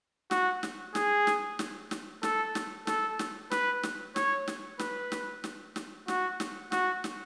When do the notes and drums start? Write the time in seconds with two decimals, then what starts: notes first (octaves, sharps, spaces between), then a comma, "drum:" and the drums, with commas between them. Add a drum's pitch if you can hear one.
0.31 F#4, drum: snare
0.63 drum: snare
0.95 G#4, drum: snare
1.27 drum: snare
1.59 drum: snare
1.91 drum: snare
2.23 A4, drum: snare
2.55 drum: snare
2.87 A4, drum: snare
3.19 drum: snare
3.51 B4, drum: snare
3.83 drum: snare
4.16 C#5, drum: snare
4.48 drum: snare
4.79 B4, drum: snare
5.12 drum: snare
5.44 drum: snare
5.76 drum: snare
6.08 F#4, drum: snare
6.40 drum: snare
6.72 F#4, drum: snare
7.04 drum: snare